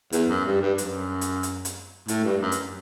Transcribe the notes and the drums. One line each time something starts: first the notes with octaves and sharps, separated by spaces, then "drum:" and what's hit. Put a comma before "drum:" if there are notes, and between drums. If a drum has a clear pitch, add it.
E2, drum: hi-hat
F#2
G2
G2
F#2, drum: hi-hat
drum: hi-hat
drum: hi-hat
drum: hi-hat
A2, drum: hi-hat
G2
F#2
drum: hi-hat